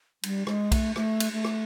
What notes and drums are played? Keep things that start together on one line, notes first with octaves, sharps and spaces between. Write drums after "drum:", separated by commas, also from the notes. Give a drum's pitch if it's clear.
G3, drum: cymbal
G#3, drum: rim click
A3, drum: kick B1, cymbal
A3, drum: rim click
drum: cymbal
A3
drum: rim click